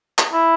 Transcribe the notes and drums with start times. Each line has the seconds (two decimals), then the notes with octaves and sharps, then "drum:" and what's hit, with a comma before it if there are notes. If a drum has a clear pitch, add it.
0.19 drum: clap
0.33 E4